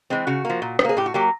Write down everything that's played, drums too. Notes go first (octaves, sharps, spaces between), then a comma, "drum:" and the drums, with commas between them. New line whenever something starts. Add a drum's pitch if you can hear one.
E3 G#3 C4
C#3 F#4
F3 A#3
A#2
G3, drum: rim click
A#3 G#4
A2 G4
F#4
F#3 A#3 G4